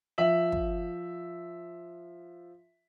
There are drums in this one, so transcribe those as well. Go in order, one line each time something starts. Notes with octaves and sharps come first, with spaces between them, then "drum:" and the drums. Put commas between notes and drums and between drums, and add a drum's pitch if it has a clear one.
F3 E5 F#7
drum: kick